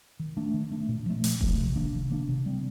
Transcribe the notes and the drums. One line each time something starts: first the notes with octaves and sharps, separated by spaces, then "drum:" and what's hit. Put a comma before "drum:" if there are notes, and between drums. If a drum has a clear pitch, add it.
D#3
A3 D4
D#3
A3 D4
A#2
F3 A3
A#2, drum: hi-hat
F3 A3, drum: kick D#1
C3
D#3 A#3 D4
C3
D#3 A#3 D4
C3
G3 C4